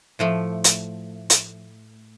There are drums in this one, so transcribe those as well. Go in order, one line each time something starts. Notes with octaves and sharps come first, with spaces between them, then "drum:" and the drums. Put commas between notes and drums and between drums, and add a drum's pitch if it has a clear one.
A2 F3 A3
drum: hi-hat
drum: hi-hat